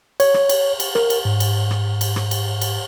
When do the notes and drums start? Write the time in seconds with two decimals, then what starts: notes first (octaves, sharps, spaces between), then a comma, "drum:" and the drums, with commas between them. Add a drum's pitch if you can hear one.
0.20 C#5, drum: cymbal
0.34 drum: rim click
0.49 drum: cymbal
0.80 drum: cymbal
0.95 A#4, drum: rim click
1.10 drum: cymbal
1.25 G#2
1.40 drum: cymbal
1.71 drum: rim click
2.01 drum: cymbal
2.16 drum: rim click
2.31 drum: cymbal
2.61 drum: cymbal